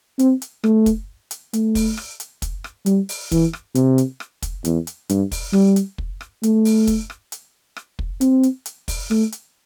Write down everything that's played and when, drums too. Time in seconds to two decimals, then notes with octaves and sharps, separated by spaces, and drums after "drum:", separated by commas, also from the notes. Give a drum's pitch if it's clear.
0.19 C4, drum: hi-hat
0.42 drum: hi-hat
0.64 A3, drum: rim click
0.86 drum: kick, hi-hat
1.31 drum: hi-hat
1.53 A3, drum: hi-hat
1.75 drum: kick, open hi-hat
1.97 drum: rim click
2.20 drum: hi-hat
2.42 drum: kick, hi-hat
2.64 drum: rim click
2.86 G3, drum: hi-hat
3.09 drum: open hi-hat
3.32 E3, drum: kick, hi-hat
3.53 drum: rim click
3.75 C3, drum: hi-hat
3.98 drum: hi-hat
4.20 drum: rim click
4.42 drum: kick, hi-hat
4.65 E2, drum: hi-hat
4.87 drum: hi-hat
5.09 G2, drum: hi-hat
5.32 drum: kick, open hi-hat
5.53 G3, drum: rim click
5.76 drum: hi-hat
5.98 drum: kick
6.21 drum: rim click
6.43 A3, drum: hi-hat
6.65 drum: open hi-hat
6.87 drum: kick, hi-hat
7.10 drum: rim click
7.32 drum: hi-hat
7.76 drum: rim click
7.99 drum: kick
8.21 C4, drum: hi-hat
8.43 drum: hi-hat
8.66 drum: hi-hat
8.88 drum: kick, open hi-hat
9.11 A3, drum: rim click
9.32 drum: hi-hat